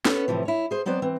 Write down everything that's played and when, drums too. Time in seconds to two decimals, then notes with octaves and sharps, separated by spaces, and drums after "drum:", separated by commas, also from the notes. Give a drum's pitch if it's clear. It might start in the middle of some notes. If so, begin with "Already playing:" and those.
0.05 B3 C#4 A4, drum: snare
0.28 A2 C3 E3 F3
0.45 E4 C#5
0.71 G#4 C5
0.86 F#3 B3 C4 C5 D5
1.02 E3 C4